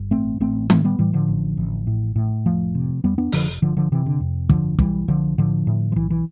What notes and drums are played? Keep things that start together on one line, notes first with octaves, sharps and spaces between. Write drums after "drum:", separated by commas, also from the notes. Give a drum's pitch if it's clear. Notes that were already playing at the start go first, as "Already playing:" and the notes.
Already playing: G1
A1 A3 C4
A1 A3 C4
A2 A3 C4, drum: tom D#3
G3 B3
A2 E3 G3
D3 F3
A1
A1
A2
A2
F1 F3 A3
C3
E2 G3 B3
B3 D4
F1 D3 F3, drum: open hi-hat
G1 D3 F3
D3 F3
C3 E3
D3
F2
G1 D3 F3, drum: kick
B1 E3 G3, drum: kick
B1 D3 F3
A2 D3 F3
A2
F3
B1 E3
E3